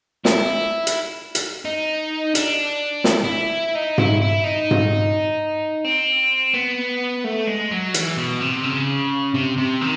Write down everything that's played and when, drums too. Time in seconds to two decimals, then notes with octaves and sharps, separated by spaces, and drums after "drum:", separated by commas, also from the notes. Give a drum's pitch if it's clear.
0.25 E4, drum: snare
0.87 drum: hi-hat
1.35 drum: hi-hat
1.65 D#4
2.35 D4, drum: hi-hat
3.04 E4, drum: snare
3.24 E4
3.75 D#4
3.98 E4, drum: tom G#2
4.22 E4
4.44 D#4
4.71 drum: tom G#2
5.85 C4
6.54 B3
7.25 A3
7.47 G#3
7.71 F#3
7.94 E3, drum: hi-hat
8.17 B2
8.41 C3
8.64 C#3
9.34 C3
9.58 C3
9.81 D#3